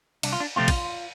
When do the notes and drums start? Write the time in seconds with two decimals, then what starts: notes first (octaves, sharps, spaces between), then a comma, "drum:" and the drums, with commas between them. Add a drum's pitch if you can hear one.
0.23 C2 D4, drum: cymbal
0.32 F4
0.40 D4
0.56 C3 F3 A3 C4 F4
0.68 drum: kick, cymbal